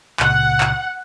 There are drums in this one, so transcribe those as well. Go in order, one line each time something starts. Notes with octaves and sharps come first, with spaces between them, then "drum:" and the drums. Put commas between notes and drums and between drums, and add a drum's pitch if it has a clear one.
C#2 A#2 C#3 F#5, drum: clap
drum: clap